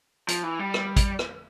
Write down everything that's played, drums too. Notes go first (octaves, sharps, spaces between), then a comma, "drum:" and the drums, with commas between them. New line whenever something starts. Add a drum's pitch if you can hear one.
F3, drum: hi-hat
E3
G3
drum: rim click
drum: kick, hi-hat
drum: rim click